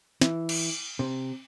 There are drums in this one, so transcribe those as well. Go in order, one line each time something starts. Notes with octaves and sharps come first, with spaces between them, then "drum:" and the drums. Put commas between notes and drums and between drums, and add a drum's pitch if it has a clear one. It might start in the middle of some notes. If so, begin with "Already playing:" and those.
E3, drum: snare
drum: cymbal
C3